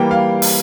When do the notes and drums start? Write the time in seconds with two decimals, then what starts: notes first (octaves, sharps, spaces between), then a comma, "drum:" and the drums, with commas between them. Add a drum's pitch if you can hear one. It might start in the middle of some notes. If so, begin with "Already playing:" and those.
Already playing: E3 G3 A#3 G5
0.11 F5
0.42 drum: open hi-hat